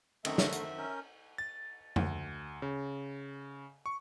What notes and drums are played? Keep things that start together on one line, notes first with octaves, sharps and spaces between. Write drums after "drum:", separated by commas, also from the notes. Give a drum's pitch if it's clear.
F#2 D3 D#3 A3 C4 E5, drum: cymbal
drum: snare
drum: hi-hat
C#4 A#4 G6
A6
D2, drum: tom F2
C#3
C#6